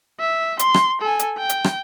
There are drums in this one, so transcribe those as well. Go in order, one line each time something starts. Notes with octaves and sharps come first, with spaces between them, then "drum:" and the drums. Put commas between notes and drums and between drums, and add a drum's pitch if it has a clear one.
E5
C6, drum: hi-hat
drum: rim click
A4 G#5
drum: hi-hat
G5
drum: hi-hat
drum: rim click